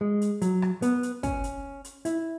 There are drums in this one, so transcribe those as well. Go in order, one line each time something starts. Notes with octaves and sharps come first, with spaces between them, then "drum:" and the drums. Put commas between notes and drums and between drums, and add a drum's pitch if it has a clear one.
G#3
drum: hi-hat
F#3, drum: hi-hat
drum: rim click
B3, drum: hi-hat
drum: hi-hat
C#4, drum: kick, hi-hat
drum: hi-hat
drum: hi-hat
E4, drum: hi-hat